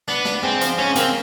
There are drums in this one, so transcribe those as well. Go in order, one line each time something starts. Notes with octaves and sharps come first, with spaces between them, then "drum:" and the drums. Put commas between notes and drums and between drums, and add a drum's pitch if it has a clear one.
B3 D4
D4, drum: snare
G#2 C4
F3, drum: hi-hat
G#2 C#4
A#3 C4, drum: hi-hat